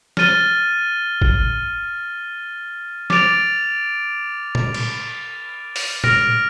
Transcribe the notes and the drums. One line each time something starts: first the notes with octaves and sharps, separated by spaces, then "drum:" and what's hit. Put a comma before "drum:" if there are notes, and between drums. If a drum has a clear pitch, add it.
F6 A6 D#7 G7, drum: snare
drum: kick
D6 A6 D7 F7, drum: snare
drum: tom A#2
drum: cymbal
drum: open hi-hat
F6 A#6 D7 F7, drum: tom A#2